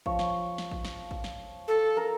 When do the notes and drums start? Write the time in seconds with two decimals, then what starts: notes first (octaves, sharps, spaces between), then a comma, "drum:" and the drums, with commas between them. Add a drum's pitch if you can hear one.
0.06 F3 C#5, drum: kick
0.19 drum: snare
0.58 drum: snare
0.71 drum: kick
0.85 drum: snare
1.11 drum: kick
1.24 drum: snare
1.68 A4
1.97 A#4 A#5